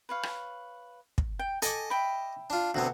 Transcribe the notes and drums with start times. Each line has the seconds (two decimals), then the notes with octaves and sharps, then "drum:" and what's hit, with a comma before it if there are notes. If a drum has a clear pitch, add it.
0.09 B4 C#5 F5
0.23 drum: rim click
1.18 drum: kick
1.39 G5
1.62 A4 D#5 G#5 D6, drum: hi-hat
1.90 E5 G5 B5
2.50 D4 F4
2.75 D2 C3 B3 F#4